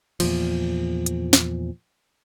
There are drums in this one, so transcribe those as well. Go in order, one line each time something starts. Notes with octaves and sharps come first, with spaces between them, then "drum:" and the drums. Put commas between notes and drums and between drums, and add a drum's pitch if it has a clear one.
E2 A#2 F3, drum: cymbal
drum: hi-hat
drum: snare